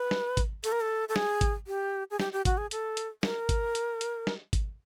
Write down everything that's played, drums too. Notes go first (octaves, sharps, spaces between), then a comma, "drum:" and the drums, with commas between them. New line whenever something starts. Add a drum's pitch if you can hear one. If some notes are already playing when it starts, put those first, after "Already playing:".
Already playing: B4
drum: snare
drum: kick G#1, hi-hat
A4, drum: hi-hat
A#4
A4
A4
G#4, drum: snare
drum: kick G#1, hi-hat
G4
G#4
G4, drum: snare
G4
F#4, drum: kick G#1, hi-hat
G#4
A4, drum: hi-hat
drum: hi-hat
A#4, drum: snare
drum: kick G#1, hi-hat
drum: hi-hat
drum: hi-hat
drum: snare
drum: kick G#1, hi-hat